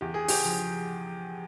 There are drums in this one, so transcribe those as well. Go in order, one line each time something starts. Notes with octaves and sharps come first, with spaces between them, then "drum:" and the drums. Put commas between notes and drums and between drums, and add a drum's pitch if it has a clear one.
E2 G4
G#4
G4, drum: open hi-hat
F3